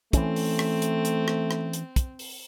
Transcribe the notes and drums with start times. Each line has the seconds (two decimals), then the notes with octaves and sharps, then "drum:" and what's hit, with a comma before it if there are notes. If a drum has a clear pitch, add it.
0.13 E3 A3 C4 C#4, drum: kick, hi-hat
0.36 drum: open hi-hat
0.59 drum: rim click
0.82 drum: hi-hat
1.05 drum: hi-hat
1.28 drum: rim click
1.51 drum: rim click
1.73 drum: hi-hat
1.96 drum: kick, hi-hat
2.19 drum: open hi-hat